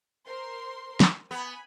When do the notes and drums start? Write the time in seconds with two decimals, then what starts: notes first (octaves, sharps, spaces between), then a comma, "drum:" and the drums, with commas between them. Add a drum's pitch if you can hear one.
0.25 A#4 C5 C6
1.00 drum: snare
1.31 B3 G#5 B5